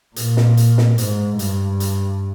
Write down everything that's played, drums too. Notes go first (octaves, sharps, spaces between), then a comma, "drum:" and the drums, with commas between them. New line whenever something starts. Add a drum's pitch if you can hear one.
A#2, drum: hi-hat
drum: snare
drum: hi-hat
drum: snare
G#2, drum: hi-hat
G2, drum: hi-hat
drum: hi-hat